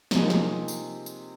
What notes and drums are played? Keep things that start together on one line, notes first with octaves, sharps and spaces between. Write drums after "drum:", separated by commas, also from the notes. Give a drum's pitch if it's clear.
C3 F3 A#3 D#4 G#4, drum: snare
drum: snare
drum: tambourine
drum: tambourine